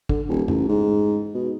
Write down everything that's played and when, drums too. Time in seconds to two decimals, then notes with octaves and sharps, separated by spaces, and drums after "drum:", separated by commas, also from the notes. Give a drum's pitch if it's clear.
0.09 D3, drum: kick
0.29 D#1
0.48 A1, drum: tom
0.69 G#2
1.34 B2